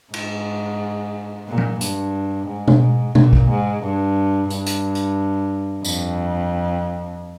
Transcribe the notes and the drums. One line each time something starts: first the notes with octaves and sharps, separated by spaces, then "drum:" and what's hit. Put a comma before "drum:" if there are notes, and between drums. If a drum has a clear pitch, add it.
G#2, drum: cymbal
A#2
drum: tom F#3
G2, drum: hi-hat
G#2
drum: tom
A#2, drum: tom
drum: kick
G#2
G2
G2, drum: hi-hat
drum: hi-hat
drum: hi-hat
F2, drum: tambourine